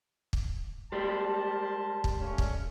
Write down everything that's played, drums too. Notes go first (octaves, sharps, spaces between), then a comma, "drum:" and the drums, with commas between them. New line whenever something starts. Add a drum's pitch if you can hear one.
drum: kick
G3 G#3 G4 A#4 C5 A5
drum: kick
A3 A#3 C#4
drum: kick